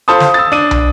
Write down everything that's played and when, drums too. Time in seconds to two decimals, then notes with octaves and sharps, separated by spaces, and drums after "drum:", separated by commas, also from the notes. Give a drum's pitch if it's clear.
0.08 F4 A4 C5 A5 B5 D#6
0.20 drum: snare
0.34 E6 A6
0.52 D4 D#7
0.71 drum: tom